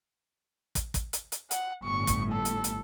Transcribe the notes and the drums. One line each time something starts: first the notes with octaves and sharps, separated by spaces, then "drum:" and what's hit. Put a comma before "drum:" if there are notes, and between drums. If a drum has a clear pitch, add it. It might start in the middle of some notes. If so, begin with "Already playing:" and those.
drum: kick, hi-hat
drum: kick, hi-hat
drum: hi-hat
drum: hi-hat
F#5, drum: hi-hat
G1 A2 C#6
drum: kick, hi-hat
A4
drum: hi-hat
drum: hi-hat